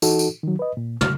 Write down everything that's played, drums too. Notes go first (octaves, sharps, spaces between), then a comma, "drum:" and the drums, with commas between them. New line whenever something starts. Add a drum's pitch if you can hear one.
E3 D#4 F#4 A4, drum: tambourine
drum: tambourine
D#3 F#3
B4 D#5
A#2
F6, drum: tom